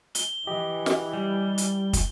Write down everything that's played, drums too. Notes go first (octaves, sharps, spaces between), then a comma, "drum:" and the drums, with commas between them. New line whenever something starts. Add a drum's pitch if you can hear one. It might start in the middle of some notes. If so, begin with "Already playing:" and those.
G7, drum: hi-hat
E3 G4 D#5
drum: snare
G3
drum: hi-hat
drum: kick, hi-hat